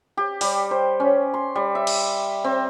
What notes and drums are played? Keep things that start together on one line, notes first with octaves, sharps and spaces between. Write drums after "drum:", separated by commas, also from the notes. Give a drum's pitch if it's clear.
G4
G3, drum: open hi-hat
C5
C#4
C6
G3
E5
drum: cymbal
C4